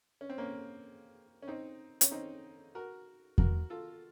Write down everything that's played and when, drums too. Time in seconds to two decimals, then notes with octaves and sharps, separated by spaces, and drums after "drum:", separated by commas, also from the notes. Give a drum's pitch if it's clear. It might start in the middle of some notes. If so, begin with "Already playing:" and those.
0.21 C#4
0.30 C4
0.38 A#3 C#4
1.43 C#4
1.48 C4 D#4
2.01 C#4, drum: hi-hat
2.11 C4 D#4
2.75 F#4 A#4
3.38 F#4 A#4, drum: kick E2
3.70 F4 A4